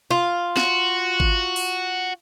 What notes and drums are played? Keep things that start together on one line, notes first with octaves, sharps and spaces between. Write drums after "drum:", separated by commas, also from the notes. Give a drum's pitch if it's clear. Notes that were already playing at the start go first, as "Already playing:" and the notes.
F4
F#4, drum: snare
drum: kick
drum: open hi-hat